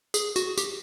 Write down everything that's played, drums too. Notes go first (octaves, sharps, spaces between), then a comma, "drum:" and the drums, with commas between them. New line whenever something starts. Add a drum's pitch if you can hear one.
G#4, drum: tambourine
F#4, drum: tambourine
G4, drum: tambourine